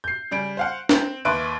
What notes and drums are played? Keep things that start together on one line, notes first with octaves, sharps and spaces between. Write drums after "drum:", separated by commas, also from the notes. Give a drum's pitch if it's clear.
G6 C7
C#3 G3 D7
C5 F5 F#5
C4, drum: snare
D#2 B4 E5 C6 F#6 D7